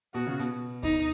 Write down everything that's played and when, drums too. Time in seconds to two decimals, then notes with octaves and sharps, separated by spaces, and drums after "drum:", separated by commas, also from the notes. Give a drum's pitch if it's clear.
0.14 B2 F#4
0.27 C#3
0.39 B2, drum: hi-hat
0.83 D#4, drum: kick D2, open hi-hat